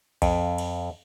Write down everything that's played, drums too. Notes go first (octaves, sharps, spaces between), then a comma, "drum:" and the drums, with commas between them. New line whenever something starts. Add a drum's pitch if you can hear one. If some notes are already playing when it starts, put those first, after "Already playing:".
F2, drum: kick B1, cymbal
drum: cymbal